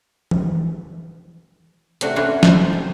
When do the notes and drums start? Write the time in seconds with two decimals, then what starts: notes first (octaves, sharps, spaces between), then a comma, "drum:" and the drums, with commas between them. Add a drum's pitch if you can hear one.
0.31 drum: tom E3
2.01 C3 A3 D4 F#4, drum: hi-hat
2.16 A3 C#4 D4 F4 F#4 B4
2.43 F3 C5, drum: snare
2.73 C3